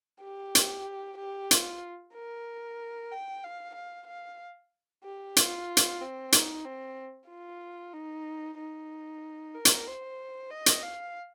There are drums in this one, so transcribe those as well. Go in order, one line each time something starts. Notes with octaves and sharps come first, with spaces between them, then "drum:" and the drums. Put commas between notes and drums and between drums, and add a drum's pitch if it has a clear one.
G4
drum: hi-hat
G4
F4, drum: hi-hat
A#4
G5
F5
F5
F5
G4
F4, drum: hi-hat
drum: hi-hat
C4
D#4, drum: hi-hat
C4
F4
D#4
D#4
A#4
drum: hi-hat
C5
D#5
drum: hi-hat
F5